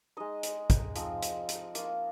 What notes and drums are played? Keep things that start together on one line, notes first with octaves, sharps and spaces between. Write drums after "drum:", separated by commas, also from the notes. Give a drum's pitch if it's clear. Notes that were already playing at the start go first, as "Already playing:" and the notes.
G#3 D#4 D#5
drum: hi-hat
drum: kick, hi-hat
F3 C4 D#4, drum: hi-hat
drum: hi-hat
drum: hi-hat
A#3 F4, drum: hi-hat